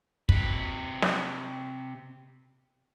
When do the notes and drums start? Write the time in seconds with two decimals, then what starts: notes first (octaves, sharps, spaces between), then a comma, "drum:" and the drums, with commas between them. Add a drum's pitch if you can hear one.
0.29 C3 B4, drum: kick
1.02 drum: snare